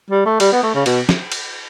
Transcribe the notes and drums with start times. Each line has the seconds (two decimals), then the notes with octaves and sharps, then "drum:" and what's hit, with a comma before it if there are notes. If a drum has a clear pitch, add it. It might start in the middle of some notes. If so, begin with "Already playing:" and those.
0.10 G3
0.25 A3
0.40 G3, drum: cymbal
0.52 B3
0.63 A3
0.75 C#3
0.86 B2, drum: cymbal
1.09 drum: snare
1.32 drum: cymbal